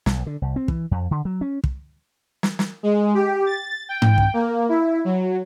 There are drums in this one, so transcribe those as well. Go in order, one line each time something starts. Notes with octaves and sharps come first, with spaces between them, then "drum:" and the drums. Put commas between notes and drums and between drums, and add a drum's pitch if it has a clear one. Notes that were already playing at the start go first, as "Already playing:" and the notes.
B1, drum: snare
D3
C2
C4
E3, drum: kick
F2
D3
F#3
C#4
drum: kick
drum: snare
drum: snare
G#3
G4
A6
G5
drum: tom G#2
drum: kick
A#3
E4
F#3